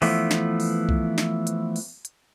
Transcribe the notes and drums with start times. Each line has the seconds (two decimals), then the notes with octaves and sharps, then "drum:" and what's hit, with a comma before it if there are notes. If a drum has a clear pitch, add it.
0.02 E3 F3 A3 B3, drum: open hi-hat
0.31 drum: snare
0.60 drum: open hi-hat
0.89 drum: kick B1
1.18 drum: snare
1.47 drum: hi-hat
1.76 drum: open hi-hat
2.05 drum: hi-hat